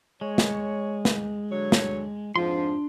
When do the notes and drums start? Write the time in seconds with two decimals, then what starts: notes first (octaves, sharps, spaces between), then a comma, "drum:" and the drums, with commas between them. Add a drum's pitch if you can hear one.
0.21 G#3 C#5
0.38 drum: snare
1.05 drum: snare
1.50 D3 F#3 C#5
1.72 drum: snare
2.36 F2 G#2 F3 D4 C6